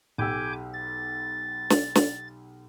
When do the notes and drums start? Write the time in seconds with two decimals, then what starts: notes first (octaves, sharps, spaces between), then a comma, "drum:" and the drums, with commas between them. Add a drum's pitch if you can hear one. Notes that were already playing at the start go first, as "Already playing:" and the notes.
0.18 B1 G4 G#5 D6 E6 G6
0.73 A6
1.70 drum: snare
1.95 drum: snare